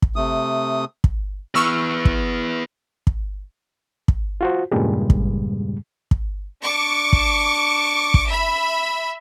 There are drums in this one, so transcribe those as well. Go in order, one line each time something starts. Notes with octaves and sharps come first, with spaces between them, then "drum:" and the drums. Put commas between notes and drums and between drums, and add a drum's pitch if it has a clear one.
drum: kick
C3 A3 D#6
drum: kick
E3 B3 C#6 E6 F6
drum: kick
drum: kick
drum: kick
F4 F#4 C5
E2 G2 A#2 C#3 G3 G#3
drum: kick
drum: kick
D4 C#6 D6
drum: kick
drum: kick
E5 B5